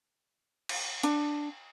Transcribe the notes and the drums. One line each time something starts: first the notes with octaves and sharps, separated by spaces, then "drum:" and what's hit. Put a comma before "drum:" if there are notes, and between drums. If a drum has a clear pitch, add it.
drum: cymbal
D4, drum: hi-hat